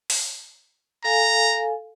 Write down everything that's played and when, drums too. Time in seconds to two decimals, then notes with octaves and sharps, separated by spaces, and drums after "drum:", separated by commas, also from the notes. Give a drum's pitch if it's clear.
0.10 drum: open hi-hat
1.04 A4 F5 G#5 A#5